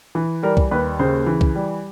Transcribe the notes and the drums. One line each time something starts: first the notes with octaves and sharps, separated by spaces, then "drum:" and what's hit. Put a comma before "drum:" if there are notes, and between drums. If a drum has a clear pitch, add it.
E3
G3 A#4
drum: kick
D#2 B4
C#3 C5
E3
drum: kick
G3